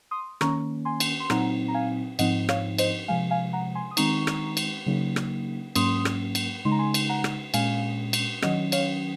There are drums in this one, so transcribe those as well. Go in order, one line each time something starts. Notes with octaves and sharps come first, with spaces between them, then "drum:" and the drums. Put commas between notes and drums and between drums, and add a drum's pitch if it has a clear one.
C6 D#6
D#3 A#3 C#4 A#5 C#6, drum: rim click
G#5 C6
drum: cymbal
C6
A#2 F#3 C4 D#4 F#5 A#5, drum: rim click
A#5
F5 G#5
G#2 F3 C4 D#4 D#5 F#5, drum: cymbal
C#5 F5, drum: rim click
C5 D#5, drum: cymbal
C3 F3 G#3 F5 G#5
F5 G#5
F#5 A#5
G#5 C6
D#6
D#3 G#3 C4 D#4 A#5 C#6, drum: cymbal
drum: rim click
drum: cymbal
C#3 F#3 A#3 D#4
drum: rim click
G#2 F#3 A#3 C#4 C6 D#6, drum: cymbal
drum: rim click
drum: cymbal
C#3 G#3 D#4 C6
A#5
G#5 C6
drum: cymbal
F#5 A#5
drum: rim click
A#2 G#3 C#4 F5 G#5, drum: cymbal
drum: cymbal
D#3 F#3 C#4 D#5 F#5, drum: rim click
C#5 F5, drum: cymbal